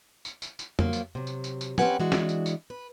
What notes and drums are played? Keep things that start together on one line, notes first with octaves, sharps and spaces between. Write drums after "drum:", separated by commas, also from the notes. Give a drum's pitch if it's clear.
drum: tambourine
drum: tambourine
drum: tambourine
F3 F#3 A#3, drum: tom F2
drum: tambourine
C3 F#3
drum: tambourine
drum: tambourine
drum: tambourine
C4 C#4 G4 B4 F#5 G#5, drum: tom
E3 G#3 D4 F#4
drum: snare
drum: tambourine
drum: tambourine
B4